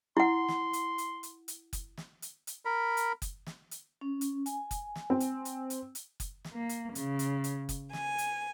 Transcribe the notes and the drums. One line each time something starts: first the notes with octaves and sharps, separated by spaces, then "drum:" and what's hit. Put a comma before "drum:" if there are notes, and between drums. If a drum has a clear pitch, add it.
E4 F#5 C6
drum: snare
drum: hi-hat
drum: hi-hat
drum: hi-hat
drum: hi-hat
drum: kick F#1, hi-hat
drum: snare
drum: hi-hat
drum: hi-hat
A#4 B5
drum: hi-hat
drum: kick F#1, hi-hat
drum: snare
drum: hi-hat
C#4
drum: hi-hat
G#5, drum: hi-hat
drum: kick F#1, hi-hat
drum: snare
C4
drum: hi-hat
drum: hi-hat
drum: hi-hat
drum: hi-hat
drum: kick F#1, hi-hat
drum: snare
A#3
drum: hi-hat
C#3, drum: hi-hat
drum: hi-hat
drum: hi-hat
drum: kick F#1, hi-hat
G#5, drum: snare
drum: hi-hat